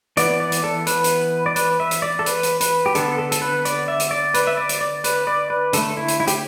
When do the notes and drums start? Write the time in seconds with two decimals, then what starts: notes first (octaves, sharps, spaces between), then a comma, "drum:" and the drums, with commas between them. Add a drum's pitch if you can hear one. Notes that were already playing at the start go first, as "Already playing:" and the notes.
0.17 E3 B3 D5, drum: hi-hat
0.40 D5
0.52 drum: hi-hat
0.64 A4
0.87 B4, drum: hi-hat
1.04 drum: hi-hat
1.46 D5
1.56 B4, drum: hi-hat
1.80 E5
1.91 drum: hi-hat
2.02 D5
2.19 A4
2.26 B4, drum: hi-hat
2.43 drum: hi-hat
2.61 B4, drum: hi-hat
2.86 G4
2.95 D3 B3 A4, drum: hi-hat
3.18 A4
3.32 A4, drum: hi-hat
3.42 B4
3.65 D5, drum: hi-hat
3.88 E5
4.00 drum: hi-hat
4.11 D5
4.34 B4, drum: hi-hat
4.47 E5
4.57 D5
4.69 drum: hi-hat
4.81 D5
5.04 B4, drum: hi-hat
5.27 D5
5.50 B4
5.73 D3 A3 A4, drum: hi-hat
5.97 E4
6.08 drum: hi-hat
6.20 E4
6.27 G4, drum: hi-hat